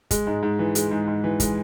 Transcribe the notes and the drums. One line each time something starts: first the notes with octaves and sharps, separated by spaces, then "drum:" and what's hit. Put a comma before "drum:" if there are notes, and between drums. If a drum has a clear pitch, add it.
G#3, drum: kick, hi-hat
G#2
G#2
E3
G#3, drum: hi-hat
G#2
G#2
E3
G#3, drum: kick, hi-hat